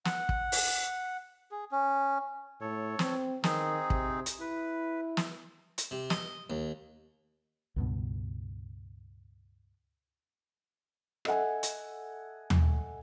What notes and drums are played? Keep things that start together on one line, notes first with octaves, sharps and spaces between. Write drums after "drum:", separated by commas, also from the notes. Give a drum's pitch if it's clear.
F#5, drum: snare
drum: kick
drum: open hi-hat
G#4
C#4
A2 A4 C#5
C4, drum: snare
D#3 C4 D#4 G#4, drum: snare
C3, drum: kick
drum: hi-hat
E4 B4
drum: snare
drum: hi-hat
C3
D#5, drum: snare
D#2
C#2 G2 B2
A4 D#5 E5 F#5 G#5, drum: rim click
drum: hi-hat
drum: tom D#2